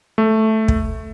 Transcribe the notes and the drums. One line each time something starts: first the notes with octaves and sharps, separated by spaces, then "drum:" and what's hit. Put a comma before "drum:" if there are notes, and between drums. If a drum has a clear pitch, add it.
A3
drum: kick